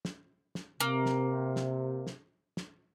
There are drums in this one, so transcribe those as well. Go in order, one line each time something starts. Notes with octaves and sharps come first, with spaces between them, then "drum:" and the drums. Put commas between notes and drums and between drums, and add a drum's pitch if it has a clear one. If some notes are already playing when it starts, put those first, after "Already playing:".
drum: snare
drum: snare
C3 A#3
drum: snare
drum: snare
drum: snare
drum: snare